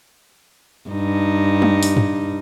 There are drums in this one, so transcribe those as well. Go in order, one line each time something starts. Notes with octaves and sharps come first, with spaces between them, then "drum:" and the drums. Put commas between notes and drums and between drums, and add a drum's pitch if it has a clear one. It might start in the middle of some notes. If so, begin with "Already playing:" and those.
G2 D#4
drum: tom
drum: open hi-hat
drum: tom G2